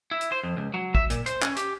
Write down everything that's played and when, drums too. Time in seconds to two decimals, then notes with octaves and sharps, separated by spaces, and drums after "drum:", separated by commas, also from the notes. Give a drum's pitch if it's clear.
0.11 E4
0.21 drum: hi-hat
0.32 C5
0.43 F2
0.57 C#2
0.74 F#3
0.95 E5, drum: kick
1.10 A#2, drum: hi-hat
1.26 C5, drum: hi-hat
1.42 C#4, drum: clap
1.56 G4, drum: hi-hat